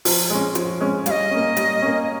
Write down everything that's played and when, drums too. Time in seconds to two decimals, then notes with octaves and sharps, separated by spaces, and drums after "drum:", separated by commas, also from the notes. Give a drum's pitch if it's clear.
0.05 F3, drum: open hi-hat
0.30 G#3 C#4
0.55 F3, drum: hi-hat
0.80 G#3 C#4
1.06 G3 D#5 F5, drum: hi-hat
1.31 A#3 C#4
1.57 G3, drum: hi-hat
1.82 A#3 C#4